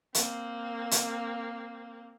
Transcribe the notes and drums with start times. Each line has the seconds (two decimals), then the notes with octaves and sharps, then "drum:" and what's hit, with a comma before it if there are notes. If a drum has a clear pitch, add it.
0.15 A#3 C4, drum: hi-hat
0.91 drum: hi-hat